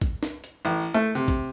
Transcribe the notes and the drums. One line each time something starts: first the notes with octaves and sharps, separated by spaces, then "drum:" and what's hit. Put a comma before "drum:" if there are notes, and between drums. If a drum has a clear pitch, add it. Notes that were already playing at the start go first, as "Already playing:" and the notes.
drum: kick, hi-hat
drum: snare
drum: hi-hat
A1
A3
C3
drum: kick, hi-hat